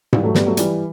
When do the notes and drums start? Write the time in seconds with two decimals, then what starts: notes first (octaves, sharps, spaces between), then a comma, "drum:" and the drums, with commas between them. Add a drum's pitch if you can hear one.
0.13 E3 G3, drum: tom G#2
0.23 F#3 A3
0.34 G3 B3, drum: snare
0.46 F#3 A3
0.57 E3 G3, drum: hi-hat